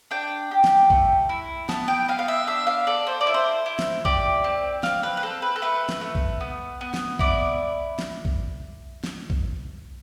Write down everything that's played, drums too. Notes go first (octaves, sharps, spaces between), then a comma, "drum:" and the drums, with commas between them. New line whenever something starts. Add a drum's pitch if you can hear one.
D4 G5
G4
drum: snare
A3, drum: kick
E4
B3 A5, drum: snare
G5
B3 F5
F5
E5
D4 E5
F5
A4 D5
C5
D5
E4
C5
E4
drum: snare
G4 D5, drum: kick
C4
C4 F5, drum: snare
B4
B4
C4 A4
B4
A4
A3 B4
drum: snare
A3
drum: kick
B3
B3
drum: snare
E4 D5, drum: kick
drum: snare
drum: kick
drum: snare
drum: kick